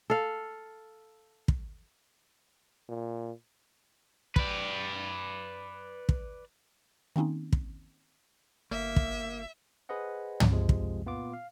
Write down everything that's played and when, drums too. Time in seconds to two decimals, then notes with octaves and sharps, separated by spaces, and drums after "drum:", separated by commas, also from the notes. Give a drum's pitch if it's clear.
0.10 A4 F5
1.48 drum: kick
2.89 A#2
4.36 B4 D5, drum: kick
6.09 drum: kick
7.16 D#3 A#3 C4 C#4 D#4
7.52 drum: kick
8.71 G1 A#3 E5
8.96 drum: kick
9.89 G#4 B4 C5 D#5 F#5
10.40 drum: tom
10.51 C3 F3 G#3
10.69 drum: kick
11.06 A#2 B3 F4 F5 D6
11.33 F5